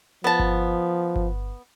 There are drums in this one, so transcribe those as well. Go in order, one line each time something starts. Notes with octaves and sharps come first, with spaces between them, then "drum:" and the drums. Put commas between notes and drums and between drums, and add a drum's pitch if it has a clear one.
F3 B3 A5
drum: kick G1
drum: kick G1